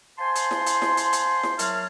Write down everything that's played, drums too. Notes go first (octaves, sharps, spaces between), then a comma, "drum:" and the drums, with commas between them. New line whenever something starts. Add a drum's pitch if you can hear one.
C5 F5 G#5 A5 C6
drum: hi-hat
drum: snare E4
drum: hi-hat
drum: snare E4
drum: hi-hat
drum: hi-hat
drum: snare E4
F#3 A#4 C#5 E5 A5 F6, drum: hi-hat